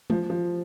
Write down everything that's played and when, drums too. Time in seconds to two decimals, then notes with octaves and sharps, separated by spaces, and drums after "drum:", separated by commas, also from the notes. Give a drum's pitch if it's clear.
0.10 F3, drum: tom G#3
0.30 F3